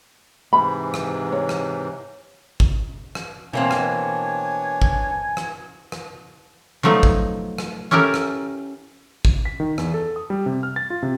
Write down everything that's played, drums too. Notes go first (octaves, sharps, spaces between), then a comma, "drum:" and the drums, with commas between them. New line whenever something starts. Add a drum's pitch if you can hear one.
G#2 C3 E3 B5
drum: rim click
C#5
drum: rim click
drum: kick
drum: rim click
B2 E3 A#3 C4 D4 C#5 G#5
drum: rim click
drum: kick
drum: rim click
drum: rim click
F3 F#3 A3 B3 D#4
drum: kick
drum: rim click
C#4 E4 G4 A4 A#4
drum: rim click
drum: kick
B6
D#3
E2, drum: rim click
A4
D#6
G3
C3
F6
A6
F4
C3